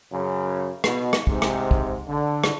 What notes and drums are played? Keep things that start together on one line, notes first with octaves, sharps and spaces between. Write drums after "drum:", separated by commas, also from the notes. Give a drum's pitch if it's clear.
F#2 C#3
B2, drum: rim click
drum: rim click
G#2 C3, drum: kick
drum: rim click
drum: kick
D3
drum: rim click